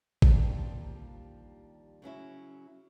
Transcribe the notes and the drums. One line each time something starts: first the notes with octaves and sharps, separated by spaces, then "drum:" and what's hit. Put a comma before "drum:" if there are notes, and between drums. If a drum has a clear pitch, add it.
D#2 F3 G3 A#3 C4 D4, drum: kick A1
C#3 F#3 C#4 E4